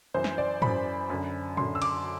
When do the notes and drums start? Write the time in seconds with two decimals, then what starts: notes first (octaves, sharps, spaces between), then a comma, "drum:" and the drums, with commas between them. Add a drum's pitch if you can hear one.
0.14 F#2 E3 C5
0.24 drum: snare
0.38 D5
0.62 F#2 E3 B5, drum: tom G#2
1.10 F#2 D3
1.57 F#2 D3 C6, drum: tom A2
1.75 E6
1.82 D6, drum: cymbal